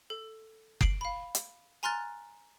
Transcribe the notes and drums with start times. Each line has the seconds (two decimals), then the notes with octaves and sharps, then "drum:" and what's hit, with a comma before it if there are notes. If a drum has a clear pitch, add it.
0.10 A4
0.81 C7 D7 F#7, drum: kick F#1
1.01 F5 B5
1.35 drum: hi-hat
1.83 G#5 A#5 C6 F6 F#6 A6